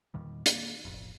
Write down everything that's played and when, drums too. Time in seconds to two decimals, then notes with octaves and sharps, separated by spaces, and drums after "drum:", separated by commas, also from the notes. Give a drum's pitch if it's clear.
0.14 E2 A#2 D#3 G3
0.46 A#3, drum: hi-hat
0.85 E1 A1 F2